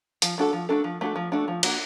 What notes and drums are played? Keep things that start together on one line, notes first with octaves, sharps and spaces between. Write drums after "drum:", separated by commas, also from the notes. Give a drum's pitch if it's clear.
F3, drum: hi-hat
A3 D4 F#4 A4
F3
A3 D4 F#4 A4
F3
A3 D4 F#4 A4
F3
A3 D4 F#4 A4
F3
A#3 D4 F#4, drum: cymbal